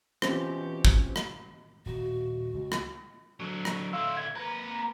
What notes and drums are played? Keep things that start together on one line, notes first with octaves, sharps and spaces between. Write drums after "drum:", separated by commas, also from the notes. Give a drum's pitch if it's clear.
B2 E3 C4 C#4 F4 G4 C5, drum: rim click
drum: kick
drum: rim click
D#1 A2 F#4
C#2
drum: rim click
D3 F#3
drum: rim click
D3 E4 F5 C6 E6
G#6
A#3 B4 A#5